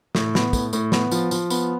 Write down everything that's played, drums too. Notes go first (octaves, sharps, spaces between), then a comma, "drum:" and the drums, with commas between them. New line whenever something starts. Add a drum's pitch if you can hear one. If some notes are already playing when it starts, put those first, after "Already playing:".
A2, drum: snare
B3, drum: snare
A2, drum: kick, tambourine
A2, drum: tambourine
B3, drum: snare
F3, drum: tambourine
F3, drum: tambourine
B3, drum: tambourine